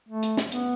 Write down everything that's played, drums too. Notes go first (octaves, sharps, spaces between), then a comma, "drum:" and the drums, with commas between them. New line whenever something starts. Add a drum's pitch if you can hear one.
A3
drum: hi-hat
drum: snare
B3, drum: hi-hat